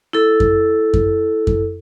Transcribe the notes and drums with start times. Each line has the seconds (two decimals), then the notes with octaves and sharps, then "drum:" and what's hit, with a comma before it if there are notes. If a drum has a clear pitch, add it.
0.13 E4 A4
0.40 drum: kick F#2
0.94 drum: kick F#2
1.47 drum: kick F#2